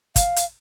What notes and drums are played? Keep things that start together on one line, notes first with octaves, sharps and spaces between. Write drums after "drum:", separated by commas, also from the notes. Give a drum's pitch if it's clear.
F5, drum: kick, hi-hat
drum: hi-hat